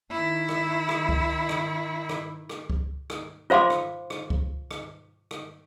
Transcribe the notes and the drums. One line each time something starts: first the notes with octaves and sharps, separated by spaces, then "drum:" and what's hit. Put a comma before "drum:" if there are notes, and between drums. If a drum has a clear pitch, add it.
D#3 E4
drum: rim click
drum: rim click
drum: kick C#2
drum: rim click
drum: rim click
drum: rim click
drum: kick C#2
drum: rim click
F4 C5 F5 C6 D6
drum: rim click
drum: rim click
drum: kick C#2
drum: rim click
drum: rim click